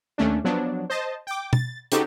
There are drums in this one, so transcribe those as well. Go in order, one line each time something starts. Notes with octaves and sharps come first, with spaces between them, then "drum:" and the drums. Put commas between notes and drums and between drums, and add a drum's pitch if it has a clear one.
D#2 A3 C#4 D4
F3 F#3 B3 D4
C5 D#5 A5
G5 D6
A6, drum: tom
C#3 C4 D#4 F#4 G4 A4, drum: hi-hat